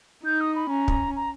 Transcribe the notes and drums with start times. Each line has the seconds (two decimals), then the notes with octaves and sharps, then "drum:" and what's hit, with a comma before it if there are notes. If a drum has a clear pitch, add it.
0.25 D#4 G6
0.41 D#6
0.55 B5
0.70 C#4 A#5
0.88 drum: kick
1.16 A#5